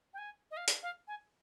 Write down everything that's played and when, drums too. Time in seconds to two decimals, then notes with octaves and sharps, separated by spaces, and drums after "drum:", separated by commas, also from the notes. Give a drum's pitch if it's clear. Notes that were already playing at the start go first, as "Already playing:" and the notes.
0.14 G5
0.18 G#5
0.51 D#5
0.57 F5
0.68 drum: hi-hat
0.83 F5
1.08 G#5